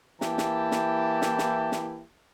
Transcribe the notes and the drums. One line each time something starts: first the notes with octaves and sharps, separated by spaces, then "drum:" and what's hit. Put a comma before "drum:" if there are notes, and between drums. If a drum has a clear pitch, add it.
E3 A#3 E4 G4 G5 A5, drum: snare
drum: snare
drum: snare
drum: snare
drum: snare
drum: snare